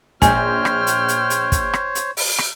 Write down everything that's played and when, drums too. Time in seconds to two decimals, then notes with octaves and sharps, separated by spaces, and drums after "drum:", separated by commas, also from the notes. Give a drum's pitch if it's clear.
0.22 A#1 C5 C#5 G5 G#5 F6, drum: kick, hi-hat
0.65 drum: rim click
0.87 drum: hi-hat
1.08 drum: hi-hat
1.30 drum: hi-hat
1.52 drum: kick, hi-hat
1.73 drum: rim click
1.95 drum: hi-hat
2.17 drum: open hi-hat
2.39 drum: rim click